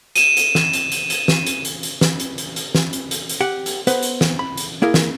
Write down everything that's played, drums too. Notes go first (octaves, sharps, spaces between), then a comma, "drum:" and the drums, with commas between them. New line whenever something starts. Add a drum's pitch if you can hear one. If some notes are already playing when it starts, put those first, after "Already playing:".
D#7 E7, drum: hi-hat
drum: hi-hat
drum: snare
drum: hi-hat
drum: hi-hat
drum: hi-hat
drum: snare
drum: hi-hat
drum: hi-hat
drum: hi-hat
drum: snare
drum: hi-hat
drum: hi-hat
drum: hi-hat
drum: snare
drum: hi-hat
drum: hi-hat
drum: hi-hat
G4 F#5
drum: hi-hat
B3 B4 C5, drum: hi-hat
drum: hi-hat
drum: snare
B5
drum: hi-hat
A#3 E4 G#4 A#4
drum: snare